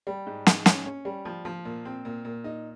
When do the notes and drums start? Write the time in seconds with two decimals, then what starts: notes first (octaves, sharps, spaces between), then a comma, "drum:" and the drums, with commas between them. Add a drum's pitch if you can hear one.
0.07 G3
0.27 G#2
0.47 G#2, drum: snare
0.66 C#4, drum: snare
0.86 C#4
1.05 G3
1.25 F3
1.45 F3
1.65 A#2
1.85 C4
2.05 A#2
2.25 A#2
2.44 D#4